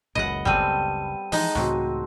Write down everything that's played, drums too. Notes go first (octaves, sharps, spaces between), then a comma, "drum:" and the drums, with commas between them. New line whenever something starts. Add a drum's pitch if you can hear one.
F#1 C#2 A#2 D#5 F#5 B5
G3 B3 C4 A4 G5 D#7, drum: kick G1
E3 F3 G#3 D#4, drum: open hi-hat
C#2 A2 E3 C4 F#4, drum: snare